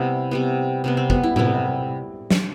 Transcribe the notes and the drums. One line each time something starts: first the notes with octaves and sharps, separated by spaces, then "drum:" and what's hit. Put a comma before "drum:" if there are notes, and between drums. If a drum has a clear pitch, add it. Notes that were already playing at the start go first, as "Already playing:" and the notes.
Already playing: C3 G3 B3 E4
C3 G3 B3
C3 G3 B3
C4
B3, drum: kick
E4
C3 G3 B3 E4, drum: tom A2
drum: snare